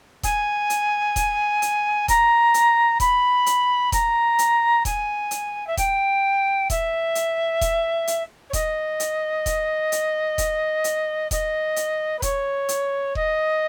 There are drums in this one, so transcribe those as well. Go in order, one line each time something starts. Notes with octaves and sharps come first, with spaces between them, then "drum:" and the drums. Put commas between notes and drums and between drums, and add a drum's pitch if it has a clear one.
G#5, drum: kick E1, hi-hat
drum: hi-hat
drum: kick E1, hi-hat
drum: hi-hat
A#5, drum: kick E1, hi-hat
drum: hi-hat
B5, drum: kick E1, hi-hat
drum: hi-hat
A#5, drum: kick E1, hi-hat
drum: hi-hat
G#5, drum: kick E1, hi-hat
drum: hi-hat
E5
G5, drum: kick E1, hi-hat
E5, drum: kick E1, hi-hat
drum: hi-hat
drum: kick E1, hi-hat
drum: hi-hat
C#5
D#5, drum: kick E1, hi-hat
drum: hi-hat
drum: kick E1, hi-hat
drum: hi-hat
drum: kick E1, hi-hat
drum: hi-hat
D#5, drum: kick E1, hi-hat
drum: hi-hat
B4
C#5, drum: kick E1, hi-hat
drum: hi-hat
D#5, drum: kick E1